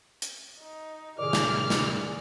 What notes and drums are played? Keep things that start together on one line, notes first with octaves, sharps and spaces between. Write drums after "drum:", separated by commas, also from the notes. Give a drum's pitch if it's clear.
drum: hi-hat
D#4
A2 C3 D#3 G#4 D5 D6 F6
drum: snare
drum: snare